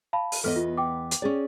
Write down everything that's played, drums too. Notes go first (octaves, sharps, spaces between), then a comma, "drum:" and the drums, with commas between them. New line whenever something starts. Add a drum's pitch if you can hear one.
F5 A5 B5
drum: open hi-hat
E2 B3 A4 D#5 F6
F4
G5 D6
drum: hi-hat
C#4 G#4 D5